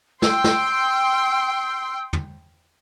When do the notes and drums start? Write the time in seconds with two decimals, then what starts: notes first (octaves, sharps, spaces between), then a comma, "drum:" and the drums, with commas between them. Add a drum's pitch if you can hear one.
0.22 G5 C6 E6, drum: snare
0.44 drum: snare
2.13 drum: tom